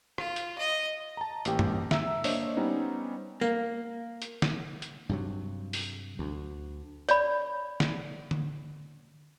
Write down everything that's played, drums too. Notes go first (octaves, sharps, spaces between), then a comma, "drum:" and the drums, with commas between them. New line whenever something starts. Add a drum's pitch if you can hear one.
F4, drum: rim click
drum: hi-hat
D#5
A5 A#5
A1 A#3 G4 G5, drum: hi-hat
drum: tom
E5 A#5 E6, drum: snare
A#3 D4 C5 C#5 D#5, drum: open hi-hat
G3 B3 C#4 D#4 C5
A#3, drum: tambourine
drum: hi-hat
drum: snare
drum: hi-hat
G2 C3 F#3
drum: open hi-hat
D2
C#5 D5 B5, drum: hi-hat
drum: snare
drum: tom D3